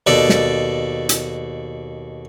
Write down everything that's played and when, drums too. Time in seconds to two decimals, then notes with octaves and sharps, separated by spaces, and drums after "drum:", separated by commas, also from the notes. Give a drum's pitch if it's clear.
0.07 D#2 B2 A4 D5
0.29 drum: snare
1.09 drum: hi-hat